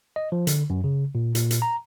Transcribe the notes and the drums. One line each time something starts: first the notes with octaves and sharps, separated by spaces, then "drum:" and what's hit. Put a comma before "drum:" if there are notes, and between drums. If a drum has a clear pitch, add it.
D#5
F3
D3, drum: hi-hat
F#2
C#3
A#2
A#2, drum: hi-hat
drum: hi-hat
A#5